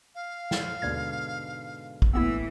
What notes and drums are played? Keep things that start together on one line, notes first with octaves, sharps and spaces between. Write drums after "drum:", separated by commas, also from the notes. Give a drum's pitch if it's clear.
F5
drum: snare
D#2 G#2 B2 D3 D5 G#6
drum: kick
A2 E3 A#3 B3 E4 E6